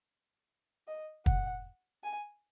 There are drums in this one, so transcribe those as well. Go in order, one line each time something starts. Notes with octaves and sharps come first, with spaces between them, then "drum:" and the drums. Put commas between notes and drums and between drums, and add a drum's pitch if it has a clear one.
D#5
F#5, drum: kick
G#5